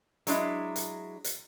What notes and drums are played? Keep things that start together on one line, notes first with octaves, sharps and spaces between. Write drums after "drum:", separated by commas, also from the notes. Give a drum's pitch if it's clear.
F#3 G#3 D4 E4, drum: hi-hat
drum: hi-hat
drum: hi-hat